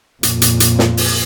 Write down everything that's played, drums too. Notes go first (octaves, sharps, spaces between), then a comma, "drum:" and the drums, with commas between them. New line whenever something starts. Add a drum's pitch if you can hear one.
F2 A#2, drum: hi-hat
drum: hi-hat
drum: hi-hat
drum: snare
drum: open hi-hat